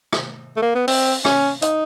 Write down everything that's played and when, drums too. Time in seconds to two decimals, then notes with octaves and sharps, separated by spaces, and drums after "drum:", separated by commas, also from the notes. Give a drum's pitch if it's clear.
0.13 drum: rim click
0.57 A3
0.62 A#3
0.75 B3
0.88 C4, drum: open hi-hat
1.25 C#4, drum: rim click
1.62 D#4, drum: hi-hat